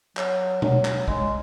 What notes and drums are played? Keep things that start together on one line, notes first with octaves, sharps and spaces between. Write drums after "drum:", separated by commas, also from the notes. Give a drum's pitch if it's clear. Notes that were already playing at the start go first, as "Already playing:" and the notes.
F#3, drum: clap
F#3, drum: tom B2
F#3, drum: clap
G#3, drum: kick A#1